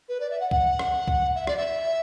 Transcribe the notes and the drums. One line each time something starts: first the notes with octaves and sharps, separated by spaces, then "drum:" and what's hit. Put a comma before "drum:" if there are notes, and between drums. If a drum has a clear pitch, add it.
B4
D5
E5
F#5
F#5, drum: kick C2
drum: rim click
drum: kick C2
E5
D5, drum: rim click
E5